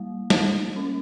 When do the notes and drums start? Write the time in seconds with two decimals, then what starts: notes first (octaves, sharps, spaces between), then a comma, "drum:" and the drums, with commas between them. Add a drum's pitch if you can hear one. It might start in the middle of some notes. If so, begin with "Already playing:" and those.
Already playing: G3 A#3
0.30 G3, drum: snare
0.76 C#4